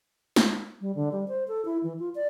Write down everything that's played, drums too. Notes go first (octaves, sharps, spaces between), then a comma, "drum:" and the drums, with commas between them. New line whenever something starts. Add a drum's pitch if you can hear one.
drum: snare
G3
D3
G3
C5
A4
E4
E3
F4
D5